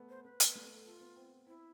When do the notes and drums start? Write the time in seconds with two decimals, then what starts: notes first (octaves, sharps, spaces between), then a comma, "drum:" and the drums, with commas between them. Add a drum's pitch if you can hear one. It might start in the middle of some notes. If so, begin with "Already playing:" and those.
Already playing: A3 B3
0.09 C5
0.24 B3 B4
0.40 B3, drum: hi-hat
0.55 A3
0.65 B3
0.75 A4
0.85 F4 A4
1.01 B3
1.16 C4
1.47 C4 E4